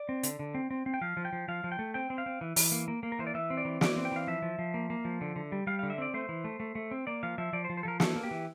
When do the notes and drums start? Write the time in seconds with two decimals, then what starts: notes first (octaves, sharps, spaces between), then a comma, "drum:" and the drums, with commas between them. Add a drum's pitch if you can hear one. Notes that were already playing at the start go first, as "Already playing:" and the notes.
Already playing: D5
0.09 C4
0.23 D3, drum: hi-hat
0.39 D3
0.55 C4
0.71 C4
0.86 C4
0.94 G5
1.01 F3 F5
1.17 F3
1.25 G5
1.33 F3
1.48 F3 F5
1.64 F3
1.72 G5
1.79 A3
1.94 C4 G5
2.10 C4
2.18 F5
2.26 C4
2.41 E3
2.56 E3, drum: open hi-hat
2.72 A#3
2.88 A#3
3.03 A#3
3.12 A#4
3.19 E3 C5
3.27 D5
3.35 E3 E5
3.50 C4
3.57 D5
3.65 E3
3.81 E3 D5, drum: snare
3.96 C4
4.05 G5
4.12 E3 F5
4.27 F3 E5
4.42 F3
4.59 F3
4.74 A#3
4.90 A#3
5.05 F3
5.21 D3
5.36 D3
5.52 G3
5.67 G3 F5
5.79 D3 F5
5.90 E5
5.98 C4 D5
6.14 A3 C5
6.29 E3
6.44 A3
6.60 A3
6.75 A3
6.91 C4
7.07 A#3 D5
7.23 F3 F5
7.38 F3 E5
7.53 F3 D5
7.64 C5
7.70 F3
7.77 C5
7.83 F3 A4 A#4
8.00 E3 A4, drum: snare
8.16 A#3
8.23 G4
8.31 E3